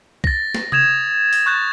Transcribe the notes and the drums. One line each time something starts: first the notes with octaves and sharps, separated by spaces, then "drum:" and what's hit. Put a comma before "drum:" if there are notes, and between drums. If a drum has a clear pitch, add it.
A6 A#6, drum: kick C2
drum: snare
D#6 G#6 E7 F7, drum: tom C3
drum: open hi-hat
C#6 F#6 G6 A6